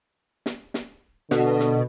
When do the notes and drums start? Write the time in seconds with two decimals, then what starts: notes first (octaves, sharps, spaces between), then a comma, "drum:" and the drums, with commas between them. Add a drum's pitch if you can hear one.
0.46 drum: snare
0.74 drum: snare
1.31 B2 D3, drum: snare
1.60 drum: snare